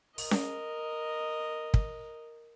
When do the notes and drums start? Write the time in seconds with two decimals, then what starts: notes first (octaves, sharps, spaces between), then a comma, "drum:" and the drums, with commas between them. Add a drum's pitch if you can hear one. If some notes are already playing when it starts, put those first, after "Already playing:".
0.18 A#4 D#5, drum: open hi-hat
0.31 drum: snare C#4
1.74 drum: kick